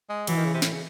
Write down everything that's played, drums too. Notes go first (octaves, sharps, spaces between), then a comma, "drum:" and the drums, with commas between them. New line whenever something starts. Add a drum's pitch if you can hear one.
G#3
E3 F#3, drum: cymbal
D#3
C#3
C3
A2, drum: snare
C#3